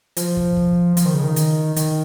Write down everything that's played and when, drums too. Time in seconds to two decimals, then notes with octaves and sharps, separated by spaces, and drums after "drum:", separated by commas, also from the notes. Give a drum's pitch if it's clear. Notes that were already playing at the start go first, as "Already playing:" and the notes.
0.17 F3, drum: hi-hat
0.37 drum: kick
0.57 drum: kick
0.97 F3, drum: hi-hat
1.05 D#3
1.14 C#3
1.24 D#3
1.36 drum: hi-hat
1.76 D#3, drum: hi-hat